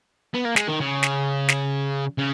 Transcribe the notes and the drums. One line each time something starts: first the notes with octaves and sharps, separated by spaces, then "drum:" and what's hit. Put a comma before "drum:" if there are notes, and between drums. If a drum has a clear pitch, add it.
B3
A#3
G#3, drum: snare
D#3
C#3
drum: snare
drum: snare
C#3